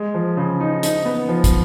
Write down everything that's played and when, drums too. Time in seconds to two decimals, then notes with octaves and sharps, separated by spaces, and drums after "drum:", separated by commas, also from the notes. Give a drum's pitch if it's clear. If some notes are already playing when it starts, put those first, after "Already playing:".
Already playing: G#3
0.14 F3
0.37 C#3
0.60 D#4
0.83 D#4, drum: hi-hat
1.05 B3
1.29 F3
1.44 drum: kick, hi-hat